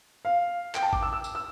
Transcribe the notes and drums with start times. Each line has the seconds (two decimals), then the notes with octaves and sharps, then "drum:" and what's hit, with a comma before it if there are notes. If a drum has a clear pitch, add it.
0.25 F5
0.75 G5, drum: clap
0.83 A5
0.93 D6, drum: kick G#1
1.02 E6
1.13 E6
1.24 drum: tambourine
1.35 E6